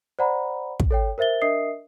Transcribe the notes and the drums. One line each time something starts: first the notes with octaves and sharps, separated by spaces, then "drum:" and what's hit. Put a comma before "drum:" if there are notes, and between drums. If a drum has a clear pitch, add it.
C5 D5 F#5 A#5 B5
drum: kick
A4 C#5 G5
A#4 C5 E5 A6 G7
D4 A#4 D#5 E5 D#6 C7